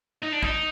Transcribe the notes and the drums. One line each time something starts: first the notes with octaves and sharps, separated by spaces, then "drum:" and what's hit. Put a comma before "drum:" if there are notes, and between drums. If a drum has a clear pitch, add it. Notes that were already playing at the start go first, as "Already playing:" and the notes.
D#4
D4
D#4, drum: kick